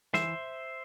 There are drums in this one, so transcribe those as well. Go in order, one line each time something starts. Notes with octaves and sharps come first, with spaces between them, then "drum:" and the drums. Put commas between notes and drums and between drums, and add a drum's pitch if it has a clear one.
E3 C5 E5, drum: snare